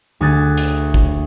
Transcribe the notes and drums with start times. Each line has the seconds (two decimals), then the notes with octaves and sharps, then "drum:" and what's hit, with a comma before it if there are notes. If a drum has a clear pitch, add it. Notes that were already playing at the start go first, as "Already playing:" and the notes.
0.21 D2 G#4 F#6 A6
0.57 drum: hi-hat
0.94 drum: kick G#1